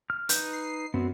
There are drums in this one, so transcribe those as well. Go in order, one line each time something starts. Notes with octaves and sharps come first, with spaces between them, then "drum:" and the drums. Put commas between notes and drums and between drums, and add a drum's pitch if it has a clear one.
F6
D#4 B4 G6, drum: hi-hat
C7
F#2 B3 C4